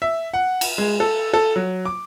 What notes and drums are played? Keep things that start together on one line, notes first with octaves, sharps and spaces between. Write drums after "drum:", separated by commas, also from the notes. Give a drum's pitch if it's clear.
E5
F#5
drum: cymbal
G#3
A4
A4
F#3
D6